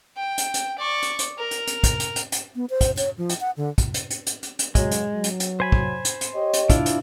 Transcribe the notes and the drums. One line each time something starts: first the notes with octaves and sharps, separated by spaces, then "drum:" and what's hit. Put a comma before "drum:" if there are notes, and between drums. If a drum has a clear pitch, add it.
G5
drum: hi-hat
drum: hi-hat
D5 C#6
drum: hi-hat
drum: hi-hat
A#4
drum: hi-hat
drum: hi-hat
drum: kick, hi-hat
drum: hi-hat
drum: hi-hat
drum: hi-hat
B3
C5
drum: kick, hi-hat
C#5, drum: hi-hat
F3
drum: hi-hat
F#5
D3
drum: kick, hi-hat
drum: hi-hat
drum: hi-hat
drum: hi-hat
drum: hi-hat
drum: hi-hat
F#3 G#3, drum: kick, hi-hat
drum: hi-hat
F#3
drum: hi-hat
drum: hi-hat
C5 G#5 B5
drum: kick
drum: hi-hat
drum: hi-hat
G4 C#5 D#5
drum: hi-hat
D4 E4 F4, drum: kick, hi-hat
drum: hi-hat